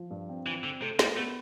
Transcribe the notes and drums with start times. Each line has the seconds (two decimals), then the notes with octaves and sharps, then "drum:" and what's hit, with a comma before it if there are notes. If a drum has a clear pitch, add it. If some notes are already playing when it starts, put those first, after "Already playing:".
Already playing: F3
0.11 G2
0.29 C4
0.46 E3 F4
0.63 D3 C4
0.82 C3 A3
0.99 G3 A3, drum: snare
1.17 A3 B3